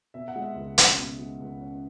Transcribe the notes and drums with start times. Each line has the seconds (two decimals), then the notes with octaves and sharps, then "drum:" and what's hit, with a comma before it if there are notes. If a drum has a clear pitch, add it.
0.14 B2 E5
0.28 F#5
0.36 G#3
0.42 E5
0.56 C#2
0.78 C#4, drum: hi-hat
0.98 B2
1.19 G#3
1.40 C#2
1.61 C#4